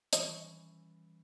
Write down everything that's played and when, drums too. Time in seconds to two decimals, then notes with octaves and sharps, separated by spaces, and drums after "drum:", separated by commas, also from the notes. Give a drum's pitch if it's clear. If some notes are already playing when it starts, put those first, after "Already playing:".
0.13 E3 G3 C#4, drum: hi-hat